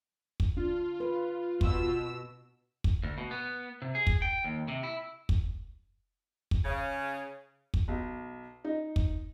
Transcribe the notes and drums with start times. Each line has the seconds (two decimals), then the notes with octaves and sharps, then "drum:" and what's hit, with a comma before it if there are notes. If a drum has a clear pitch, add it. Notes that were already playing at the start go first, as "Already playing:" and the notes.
0.40 drum: kick
0.57 D4 F4
1.00 B4
1.61 B2 E6, drum: kick
2.84 drum: kick
3.03 D2
3.18 B2
3.31 B3
3.82 C3
3.95 G#4
4.07 drum: kick
4.22 G5
4.44 D#2
4.68 C3
4.83 E4
5.29 drum: kick
6.51 drum: kick
6.65 C#3
7.74 drum: kick
7.88 B1
8.64 D#4
8.96 drum: kick